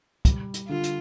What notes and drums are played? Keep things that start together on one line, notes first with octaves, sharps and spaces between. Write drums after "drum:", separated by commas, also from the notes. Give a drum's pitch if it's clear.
G3, drum: kick, hi-hat
drum: hi-hat
D3 F4
drum: hi-hat